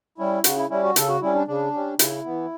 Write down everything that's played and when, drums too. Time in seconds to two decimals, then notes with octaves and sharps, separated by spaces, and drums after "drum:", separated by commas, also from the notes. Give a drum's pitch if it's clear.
0.18 G3 C#4 E4
0.44 C#3 F#4, drum: hi-hat
0.57 E4
0.70 G3 C#4 E4
0.84 F#4
0.96 C#3 A4, drum: hi-hat
1.08 F#4
1.22 G3 C#4 E4
1.35 D4
1.47 C#3 D4
1.74 G3 C#4
1.99 C#3 E4, drum: hi-hat
2.25 E3 B3